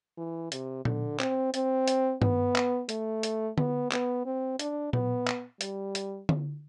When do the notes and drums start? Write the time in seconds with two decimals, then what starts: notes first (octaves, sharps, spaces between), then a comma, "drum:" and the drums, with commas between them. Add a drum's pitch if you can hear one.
0.18 E3
0.52 C3, drum: hi-hat
0.85 D3, drum: tom A#2
1.20 C4, drum: clap
1.54 C4, drum: hi-hat
1.88 drum: hi-hat
2.22 B3, drum: tom G2
2.55 drum: clap
2.89 A3, drum: hi-hat
3.23 drum: hi-hat
3.58 B3, drum: tom D3
3.92 B3, drum: clap
4.26 C4
4.59 D4, drum: hi-hat
4.93 B3, drum: tom A#2
5.27 drum: clap
5.61 G3, drum: hi-hat
5.95 drum: hi-hat
6.29 drum: tom D3